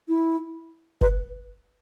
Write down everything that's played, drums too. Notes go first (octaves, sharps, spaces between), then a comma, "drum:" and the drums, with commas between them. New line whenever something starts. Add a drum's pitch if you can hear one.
E4
B4, drum: kick F#1